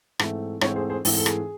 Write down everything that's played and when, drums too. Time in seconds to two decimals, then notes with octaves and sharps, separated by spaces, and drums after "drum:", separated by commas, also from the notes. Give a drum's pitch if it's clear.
0.19 G#2 E3 A3 C4, drum: rim click
0.61 G#2 E3 A3 C4 A4 C#5, drum: rim click
0.76 G#4 C5
0.90 G#4 C5
1.05 G#2 E3 A3 C4, drum: open hi-hat
1.18 A4
1.26 G#4, drum: rim click